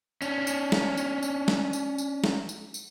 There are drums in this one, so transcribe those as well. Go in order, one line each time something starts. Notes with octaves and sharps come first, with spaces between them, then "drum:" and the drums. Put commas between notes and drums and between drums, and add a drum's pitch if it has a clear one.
C#4 D4, drum: tambourine
drum: tambourine
drum: snare
drum: tambourine
drum: tambourine
drum: snare
drum: tambourine
drum: tambourine
drum: snare
drum: tambourine
drum: tambourine